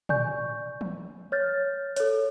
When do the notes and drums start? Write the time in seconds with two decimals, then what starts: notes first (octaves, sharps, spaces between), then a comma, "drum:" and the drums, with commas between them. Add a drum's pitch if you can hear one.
0.09 D5 G#5 C#6 G6, drum: tom
0.81 drum: tom
1.32 C#5 F6 G6 A6
1.96 A4 C#5, drum: hi-hat